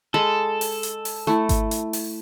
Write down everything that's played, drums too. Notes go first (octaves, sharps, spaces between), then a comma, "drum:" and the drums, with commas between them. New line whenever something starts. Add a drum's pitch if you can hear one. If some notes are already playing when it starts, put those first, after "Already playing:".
G#3 A4 D#5 B5
drum: open hi-hat
drum: hi-hat
drum: open hi-hat
A3 E4
drum: kick G#1, hi-hat
drum: hi-hat
drum: open hi-hat